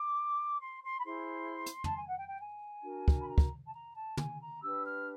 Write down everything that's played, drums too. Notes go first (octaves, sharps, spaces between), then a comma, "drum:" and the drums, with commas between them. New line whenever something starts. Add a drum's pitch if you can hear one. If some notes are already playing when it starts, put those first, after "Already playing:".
Already playing: D6
C6
C6
B5
E4 G#4 C5 C6
drum: hi-hat
A5, drum: tom F2
G#5
F#5
G5
G5
G#5
D4 F#4 A#4
drum: kick
B5
A#5
drum: kick
A5
A#5
A5
G#5, drum: tom
A#5
D4 G4 B4 E6
F6